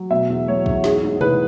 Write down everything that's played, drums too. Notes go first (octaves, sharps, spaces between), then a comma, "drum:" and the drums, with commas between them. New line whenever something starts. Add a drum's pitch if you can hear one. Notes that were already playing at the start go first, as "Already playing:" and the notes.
Already playing: F#3
B2 E5
E2
F#3 C#5
E2, drum: kick
G#2 G#4, drum: snare
G#2
E3 B4, drum: tom B2